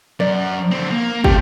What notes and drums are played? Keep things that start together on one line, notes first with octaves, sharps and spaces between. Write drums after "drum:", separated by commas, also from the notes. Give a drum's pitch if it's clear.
F#2 D5
D3 C4
A#3
A3 F4 G4, drum: kick